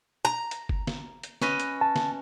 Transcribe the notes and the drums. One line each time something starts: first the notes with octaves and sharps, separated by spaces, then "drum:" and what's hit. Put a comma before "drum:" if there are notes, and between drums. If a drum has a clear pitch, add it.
A#5
drum: hi-hat
drum: kick G1
drum: snare
drum: hi-hat
C#4 B4 D#5, drum: snare
drum: hi-hat
A5
drum: snare